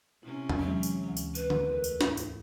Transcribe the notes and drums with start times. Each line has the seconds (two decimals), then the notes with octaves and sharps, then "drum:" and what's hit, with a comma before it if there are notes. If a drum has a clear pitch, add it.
0.23 C3 C#4 E4
0.49 drum: tom E2
0.60 E3 F#3 G#3 B3
0.83 drum: tambourine
1.06 D2 E3
1.17 drum: tambourine
1.35 B4, drum: tambourine
1.50 drum: tom D3
1.70 E2 A3 A#4
1.84 drum: tambourine
2.01 G#2, drum: snare
2.17 drum: tambourine